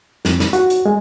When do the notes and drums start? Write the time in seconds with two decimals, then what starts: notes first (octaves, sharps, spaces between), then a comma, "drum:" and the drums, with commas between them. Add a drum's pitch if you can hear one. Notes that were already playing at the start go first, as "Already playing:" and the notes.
0.25 F2, drum: snare
0.40 drum: snare
0.53 F#4, drum: hi-hat
0.70 drum: hi-hat
0.86 G#3